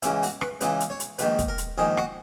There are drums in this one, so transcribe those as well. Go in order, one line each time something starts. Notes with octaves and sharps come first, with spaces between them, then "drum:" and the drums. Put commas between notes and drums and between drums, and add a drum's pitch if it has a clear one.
C#2 C#3 E3 E4, drum: hi-hat
F#4, drum: open hi-hat
B4, drum: rim click
C#2 C#3 E3 B4, drum: hi-hat
drum: hi-hat
C#5
drum: hi-hat
A#1 G#2 D#3 B4, drum: hi-hat
drum: kick, hi-hat
A#4
drum: hi-hat
A#1 G#2 D#3 G#4
F#4, drum: rim click